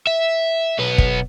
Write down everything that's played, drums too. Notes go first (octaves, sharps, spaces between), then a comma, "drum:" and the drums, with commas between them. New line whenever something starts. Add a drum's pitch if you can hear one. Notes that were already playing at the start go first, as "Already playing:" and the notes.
E5
B1 B3
drum: kick